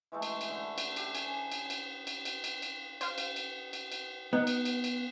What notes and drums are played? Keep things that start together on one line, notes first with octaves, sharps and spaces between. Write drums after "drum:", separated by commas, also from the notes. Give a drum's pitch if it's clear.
E3 G#3 A3
drum: cymbal
drum: cymbal
D3
drum: cymbal
G4, drum: cymbal
G#5, drum: cymbal
drum: cymbal
drum: cymbal
drum: cymbal
drum: cymbal
drum: cymbal
drum: cymbal
C5 F5, drum: cymbal
drum: cymbal
drum: cymbal
drum: cymbal
drum: cymbal
B3 D#4
drum: cymbal
drum: cymbal
drum: cymbal